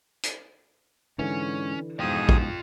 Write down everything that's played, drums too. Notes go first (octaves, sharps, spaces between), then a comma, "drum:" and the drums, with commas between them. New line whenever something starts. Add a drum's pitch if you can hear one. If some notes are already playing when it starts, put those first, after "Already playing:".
drum: hi-hat
G#2 D3 E3 C#4
F2 G#2 B2 F3 F4 G#4 G5 D#6
drum: kick